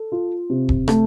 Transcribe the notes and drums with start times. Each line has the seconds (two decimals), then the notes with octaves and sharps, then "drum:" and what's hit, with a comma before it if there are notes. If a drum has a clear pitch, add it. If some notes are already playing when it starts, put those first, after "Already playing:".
Already playing: A4
0.12 F4
0.50 C3
0.69 drum: kick
0.88 A3, drum: rim click